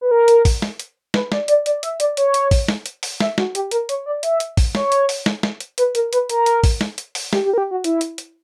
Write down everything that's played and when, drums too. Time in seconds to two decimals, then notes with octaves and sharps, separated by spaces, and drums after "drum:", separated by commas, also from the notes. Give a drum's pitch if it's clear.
0.01 B4
0.11 A#4
0.28 drum: hi-hat
0.45 drum: kick A1, open hi-hat
0.62 drum: snare
0.79 drum: hi-hat
1.14 B4, drum: snare
1.32 D5, drum: snare
1.48 D5, drum: hi-hat
1.66 D5, drum: hi-hat
1.83 E5, drum: hi-hat
2.00 D5, drum: hi-hat
2.17 C#5, drum: hi-hat
2.34 drum: hi-hat
2.51 drum: kick A1, open hi-hat
2.68 drum: snare
2.86 drum: hi-hat
3.03 drum: open hi-hat
3.20 E5, drum: snare
3.38 F#4, drum: snare
3.55 G4, drum: hi-hat
3.71 A#4, drum: hi-hat
3.89 C#5, drum: hi-hat
4.06 D5
4.23 E5, drum: hi-hat
4.40 drum: hi-hat
4.57 drum: kick A1, open hi-hat
4.75 C#5, drum: snare
4.92 drum: hi-hat
5.09 drum: open hi-hat
5.26 drum: snare
5.43 drum: snare
5.60 drum: hi-hat
5.78 B4, drum: hi-hat
5.95 A#4, drum: hi-hat
6.13 B4, drum: hi-hat
6.29 A#4, drum: hi-hat
6.46 drum: hi-hat
6.64 drum: kick A1, open hi-hat
6.81 drum: snare
6.98 drum: hi-hat
7.15 drum: open hi-hat
7.33 G4, drum: snare
7.45 G4
7.53 A#4
7.58 G4
7.71 F#4
7.84 E4, drum: hi-hat
8.01 drum: hi-hat
8.18 drum: hi-hat